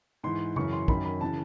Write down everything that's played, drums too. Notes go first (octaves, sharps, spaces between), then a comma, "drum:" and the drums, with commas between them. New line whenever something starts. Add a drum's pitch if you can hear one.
G#2 E3 C6
F#2 C#3 E3 C#6, drum: tom
C6
F#2 D#3 B5, drum: kick
B5
C#3 E3 A5